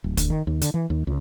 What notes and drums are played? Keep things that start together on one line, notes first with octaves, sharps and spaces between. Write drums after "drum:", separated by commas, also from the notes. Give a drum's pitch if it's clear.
D1
D2, drum: kick, hi-hat
D#3
D#2
D3, drum: hi-hat
E3
D#2
C#2